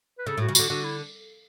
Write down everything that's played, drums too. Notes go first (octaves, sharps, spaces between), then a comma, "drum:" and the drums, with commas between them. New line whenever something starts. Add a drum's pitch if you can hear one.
B4
C#3 A4
A2
F#4
C#3
D3 F#4, drum: tambourine
D3 F#4
E4